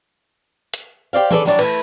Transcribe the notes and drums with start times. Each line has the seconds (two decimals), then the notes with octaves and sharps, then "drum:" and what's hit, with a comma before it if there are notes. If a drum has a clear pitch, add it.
0.74 drum: hi-hat
1.13 G4 C5 D5 F5
1.31 D4 G#4 A4 B4 C#5 D5, drum: tom E3
1.45 E3 F#3 G3 D4 C#5 D5
1.59 A3 E4 B4, drum: cymbal